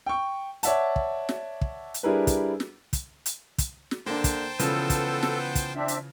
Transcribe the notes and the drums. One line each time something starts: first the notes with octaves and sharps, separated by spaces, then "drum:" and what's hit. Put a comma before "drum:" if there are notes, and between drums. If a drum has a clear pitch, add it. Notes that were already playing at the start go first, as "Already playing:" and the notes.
G5 C#6
C#5 D5 E5 F#5 A5, drum: hi-hat
drum: kick
drum: snare
drum: kick
drum: hi-hat
G3 D4 E4 G#4 A#4 B4
drum: kick, hi-hat
drum: snare
drum: kick, hi-hat
drum: hi-hat
drum: kick, hi-hat
drum: snare
D3 A#3 D4 C5 G5 A5
drum: kick, hi-hat
C#3 E3 F3 B3 A4 E6, drum: hi-hat
drum: kick, hi-hat
drum: snare
drum: kick, hi-hat
C4 D4 E5
drum: hi-hat